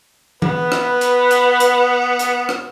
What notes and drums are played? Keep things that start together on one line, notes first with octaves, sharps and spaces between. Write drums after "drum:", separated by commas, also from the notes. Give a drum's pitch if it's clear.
B3 B4, drum: tom E3
drum: rim click
drum: hi-hat
drum: hi-hat
drum: hi-hat
drum: hi-hat
drum: rim click